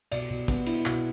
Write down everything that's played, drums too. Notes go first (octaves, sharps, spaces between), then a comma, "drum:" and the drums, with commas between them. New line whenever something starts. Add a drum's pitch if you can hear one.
B2 D5, drum: cymbal
B2
B3, drum: kick, cymbal
E4, drum: cymbal
B2, drum: clap